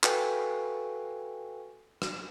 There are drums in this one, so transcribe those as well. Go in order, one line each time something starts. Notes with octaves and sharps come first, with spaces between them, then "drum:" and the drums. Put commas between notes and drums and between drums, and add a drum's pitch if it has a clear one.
F#4 A4 B4 F5 G5 G#5, drum: clap
drum: rim click